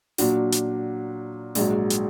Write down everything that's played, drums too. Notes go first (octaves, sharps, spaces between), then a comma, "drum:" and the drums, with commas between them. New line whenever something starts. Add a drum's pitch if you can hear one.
A#2 F#3 D4 F#4, drum: open hi-hat
drum: hi-hat
A#1 G#2 F#3, drum: open hi-hat
drum: hi-hat